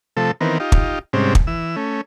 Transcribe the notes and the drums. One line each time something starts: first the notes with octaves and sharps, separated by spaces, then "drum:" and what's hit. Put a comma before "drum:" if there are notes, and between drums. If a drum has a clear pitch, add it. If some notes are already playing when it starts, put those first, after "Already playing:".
C3 F3 A3 A4
D#3 E3 B3 C4 A#4
D#4 F4 G4
drum: kick
G#2 C3 G3 C4 C#4
drum: kick
E3 E6
A3 C#4